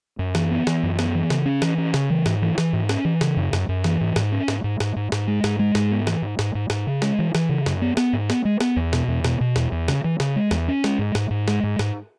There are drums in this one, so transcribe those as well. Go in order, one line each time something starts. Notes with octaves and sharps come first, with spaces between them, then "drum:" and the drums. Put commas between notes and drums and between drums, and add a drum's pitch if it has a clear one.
F#2
E3, drum: snare
B3
E3, drum: snare
F#2
B3, drum: snare
E3
C#3, drum: snare
C#4
E3, drum: snare
C#4
C#3, drum: snare
E3
G#2, drum: snare
E3
E3, drum: snare
G#2
C#4, drum: snare
E3
C#3, drum: snare
F#2
F#2, drum: snare
F#2
E3, drum: snare
G#2
G#2, drum: snare
C#4
G#2, drum: snare
G#2
G#2, drum: snare
G#2
G#2, drum: snare
G#3
G#2, drum: snare
G#3
G#2, drum: snare
B3
E3, drum: snare
G#2
G#2, drum: snare
G#2
G#2, drum: snare
C#3
G#3, drum: snare
E3
E3, drum: snare
C#3
F#2, drum: snare
B3
B3, drum: snare
G#2
B3, drum: snare
G#3
B3, drum: snare
E2
B2, drum: snare
E2
B2, drum: snare
B2
E2, drum: snare
E2
C#3, drum: snare
E3
C#3, drum: snare
G#3
E2, drum: snare
C#4
G#3, drum: snare
G#2
G#2, drum: snare
G#2
G#3, drum: snare
G#2
G#2, drum: snare